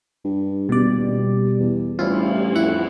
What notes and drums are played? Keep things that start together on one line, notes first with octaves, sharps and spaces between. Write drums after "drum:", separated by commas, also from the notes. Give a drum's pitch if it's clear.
G2
D#1 B2 G3 D5
E2
A1 G3 E4 F4, drum: cymbal
F2 E4 F#5